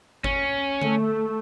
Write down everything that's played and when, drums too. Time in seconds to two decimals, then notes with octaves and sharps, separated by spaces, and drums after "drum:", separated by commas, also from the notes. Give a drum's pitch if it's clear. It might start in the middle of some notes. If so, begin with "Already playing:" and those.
0.24 C#4, drum: kick G1
0.82 A3, drum: tom D3